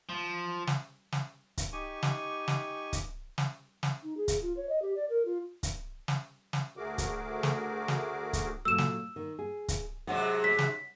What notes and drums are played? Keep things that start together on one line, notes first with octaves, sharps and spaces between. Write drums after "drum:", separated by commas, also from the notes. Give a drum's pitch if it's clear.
F3
drum: snare
drum: snare
drum: kick, hi-hat
D#4 G4 G#5 C#6
drum: snare
drum: snare
drum: kick, hi-hat
drum: snare
drum: snare
D#4
G#4
drum: kick, hi-hat
F4
C#5
D#5
G4
D5
A#4
F4
drum: kick, hi-hat
drum: snare
drum: snare
D2 A3 F#4 G#4 A#4 D6
drum: kick, hi-hat
drum: snare
drum: snare
drum: kick, hi-hat
A#2 F#3 A3 E6 E7
drum: snare
D#3
G#4
drum: kick, hi-hat
G#2 C3 F#3 F#5
C#5 B6
drum: snare